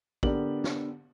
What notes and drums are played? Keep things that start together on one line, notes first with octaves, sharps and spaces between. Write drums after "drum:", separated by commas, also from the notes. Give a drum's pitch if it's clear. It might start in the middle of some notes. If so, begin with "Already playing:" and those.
D3 B3 G4 A#4 D5 F#7, drum: kick
drum: snare